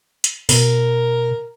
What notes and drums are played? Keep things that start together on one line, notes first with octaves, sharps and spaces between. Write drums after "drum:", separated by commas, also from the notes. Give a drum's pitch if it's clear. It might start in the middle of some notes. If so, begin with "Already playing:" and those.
drum: hi-hat
B2 A#4, drum: open hi-hat